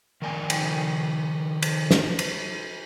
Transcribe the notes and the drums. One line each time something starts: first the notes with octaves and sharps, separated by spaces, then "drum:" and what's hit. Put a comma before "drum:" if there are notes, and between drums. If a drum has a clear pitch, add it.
D#3 F3 A#4 D5 G5 G#5
drum: cymbal
drum: cymbal
drum: snare
drum: cymbal